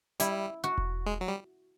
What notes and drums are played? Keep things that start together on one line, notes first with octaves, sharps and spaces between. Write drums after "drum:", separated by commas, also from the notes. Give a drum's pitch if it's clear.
G3 E4, drum: hi-hat
F#4
drum: kick E1
G#3
F#3
G3